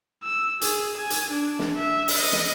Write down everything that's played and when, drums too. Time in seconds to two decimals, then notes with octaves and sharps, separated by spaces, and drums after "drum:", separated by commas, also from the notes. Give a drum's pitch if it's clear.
0.23 E6
0.61 G#4, drum: hi-hat
0.98 G#5
1.10 drum: hi-hat
1.31 D4
1.59 drum: snare
1.77 E5
2.08 drum: open hi-hat
2.17 D#5
2.32 drum: snare